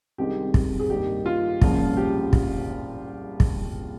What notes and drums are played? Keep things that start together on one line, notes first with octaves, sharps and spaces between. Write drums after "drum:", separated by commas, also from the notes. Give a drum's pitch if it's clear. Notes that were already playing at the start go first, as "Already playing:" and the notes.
C2 C3 D#3 G#3 C4 G4
drum: kick
G#4
G2 D#3 A#3 D#4 G4
F4
C2 A#2 F3 G#3 C#4, drum: kick
G4
drum: kick
drum: kick